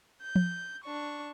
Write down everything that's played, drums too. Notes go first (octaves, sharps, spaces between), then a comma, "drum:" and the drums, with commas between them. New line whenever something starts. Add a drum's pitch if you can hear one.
G6
drum: tom F3
D4 C#6